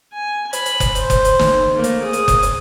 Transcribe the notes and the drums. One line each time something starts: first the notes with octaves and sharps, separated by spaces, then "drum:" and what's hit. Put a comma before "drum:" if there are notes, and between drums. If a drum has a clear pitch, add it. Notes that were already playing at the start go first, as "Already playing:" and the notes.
G#5
B5, drum: hi-hat
drum: hi-hat
drum: kick F#1, hi-hat
C5, drum: hi-hat
drum: kick F#1, hi-hat
drum: hi-hat
drum: snare
A3 A#3
drum: hi-hat
G#4 D#6
drum: hi-hat
drum: kick F#1, hi-hat
drum: hi-hat